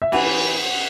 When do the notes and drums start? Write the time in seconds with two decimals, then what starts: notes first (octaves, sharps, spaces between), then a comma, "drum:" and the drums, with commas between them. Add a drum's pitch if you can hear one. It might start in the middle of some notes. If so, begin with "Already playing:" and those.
0.02 E5
0.12 E3 F#5, drum: cymbal